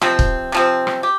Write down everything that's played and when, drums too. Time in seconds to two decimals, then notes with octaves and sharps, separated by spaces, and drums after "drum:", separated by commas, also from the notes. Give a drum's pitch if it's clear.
0.01 C3 F3 C4, drum: rim click
0.19 drum: kick
0.52 C3 F3 C4
0.87 drum: rim click
1.03 G4